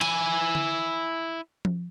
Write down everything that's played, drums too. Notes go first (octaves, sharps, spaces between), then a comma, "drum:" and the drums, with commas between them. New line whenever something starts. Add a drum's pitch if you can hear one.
E4 G#5, drum: cymbal
drum: tom D3
drum: tom F3